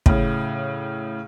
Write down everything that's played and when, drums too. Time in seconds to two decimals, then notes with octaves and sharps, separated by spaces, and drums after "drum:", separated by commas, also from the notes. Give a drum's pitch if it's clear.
0.06 A2 C#3, drum: kick